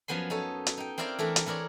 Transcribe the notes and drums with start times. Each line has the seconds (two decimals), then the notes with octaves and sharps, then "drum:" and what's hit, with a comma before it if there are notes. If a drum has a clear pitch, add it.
0.08 F#2 F3 F#3 B3 G#5 C6
0.30 D#4 A4 C#5
0.67 drum: hi-hat
0.78 D#4 G5
0.98 C4 E4 A#4 D5 F5 G5
1.19 E3 A3 D4 A#4
1.36 drum: hi-hat
1.46 E3 E4 A#4 C#5 D5